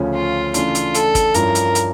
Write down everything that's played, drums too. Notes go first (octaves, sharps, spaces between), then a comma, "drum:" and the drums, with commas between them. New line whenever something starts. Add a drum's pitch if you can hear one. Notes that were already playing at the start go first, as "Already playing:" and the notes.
Already playing: D2 C#3 F3 C#4
F4
C#3 E3 A3 D4 F4, drum: hi-hat
drum: hi-hat
A4, drum: hi-hat
drum: kick, hi-hat
G2 F3 C#4 E4 A#4, drum: hi-hat
drum: hi-hat
drum: hi-hat